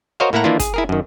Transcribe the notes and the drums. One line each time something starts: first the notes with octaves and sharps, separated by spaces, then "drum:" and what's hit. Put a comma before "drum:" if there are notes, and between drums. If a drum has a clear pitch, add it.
F#4 A#4 C5 C#5 D#5 F5
A2 A#3 E4 A4 F#5 A#5
D#3 E3 A#3 D4 E4 F4
G#4, drum: kick, hi-hat
E4 G#4 A#4
F#2 D#3